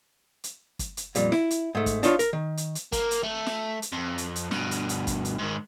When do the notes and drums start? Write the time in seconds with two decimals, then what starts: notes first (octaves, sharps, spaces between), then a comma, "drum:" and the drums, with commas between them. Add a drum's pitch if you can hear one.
0.44 drum: hi-hat
0.79 drum: kick, hi-hat
0.97 drum: hi-hat
1.15 F2 A#2 G3, drum: hi-hat
1.32 E4, drum: snare
1.51 drum: hi-hat
1.75 G#2 A3
1.86 drum: kick, hi-hat
2.03 D4 D#4 F4 C#5, drum: hi-hat
2.19 A#4, drum: hi-hat
2.33 D#3
2.57 drum: hi-hat
2.75 drum: hi-hat
2.92 A#3, drum: kick, hi-hat
3.11 drum: hi-hat
3.23 A3
3.46 drum: snare
3.82 drum: hi-hat
3.92 F2
4.18 drum: hi-hat
4.36 drum: hi-hat
4.51 G2 B2, drum: snare
4.71 drum: hi-hat
4.89 drum: hi-hat
5.07 drum: kick, hi-hat
5.25 drum: hi-hat
5.39 G#2 D#3